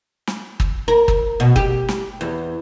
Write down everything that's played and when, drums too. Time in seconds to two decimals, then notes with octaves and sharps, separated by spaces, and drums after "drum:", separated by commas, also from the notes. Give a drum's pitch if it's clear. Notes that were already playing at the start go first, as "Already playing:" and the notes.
0.27 drum: snare
0.60 drum: kick
0.88 A#4
1.08 drum: kick
1.40 B2
1.56 G4, drum: kick
1.89 drum: snare
2.21 E2